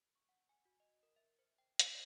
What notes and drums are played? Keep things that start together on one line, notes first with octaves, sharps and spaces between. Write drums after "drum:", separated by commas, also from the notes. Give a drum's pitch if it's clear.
C#6
F#5
G#5
F#4
D#5
A#4
E5
C5
G5
G#5, drum: hi-hat